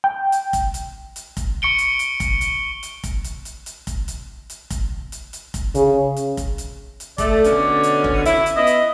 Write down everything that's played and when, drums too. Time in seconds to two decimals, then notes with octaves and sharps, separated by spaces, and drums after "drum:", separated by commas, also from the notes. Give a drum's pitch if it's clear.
0.04 G5
0.32 drum: hi-hat
0.53 drum: kick F1, hi-hat
0.74 drum: hi-hat
1.16 drum: hi-hat
1.37 drum: kick F1, hi-hat
1.62 C#6 C#7 D7 G7
1.78 drum: hi-hat
1.99 drum: hi-hat
2.20 drum: kick F1, hi-hat
2.41 drum: hi-hat
2.83 drum: hi-hat
3.04 drum: kick F1, hi-hat
3.24 drum: hi-hat
3.45 drum: hi-hat
3.66 drum: hi-hat
3.87 drum: kick F1, hi-hat
4.08 drum: hi-hat
4.50 drum: hi-hat
4.70 drum: kick F1, hi-hat
5.12 drum: hi-hat
5.33 drum: hi-hat
5.54 drum: kick F1, hi-hat
5.75 C#3, drum: hi-hat
6.17 drum: hi-hat
6.37 drum: kick F1, hi-hat
6.58 drum: hi-hat
7.00 drum: hi-hat
7.18 A3 D5, drum: kick F1, hi-hat
7.44 B2 D3 C#4, drum: hi-hat
7.83 drum: hi-hat
8.04 drum: kick F1
8.25 E4, drum: hi-hat
8.46 drum: hi-hat
8.56 B3 E4 D#5
8.67 drum: hi-hat